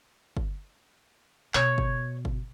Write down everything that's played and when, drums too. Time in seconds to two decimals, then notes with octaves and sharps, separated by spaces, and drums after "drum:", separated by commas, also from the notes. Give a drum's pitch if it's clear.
0.37 drum: kick G1
1.54 B2 C#5 G6, drum: clap
1.78 drum: kick G1
2.25 drum: kick G1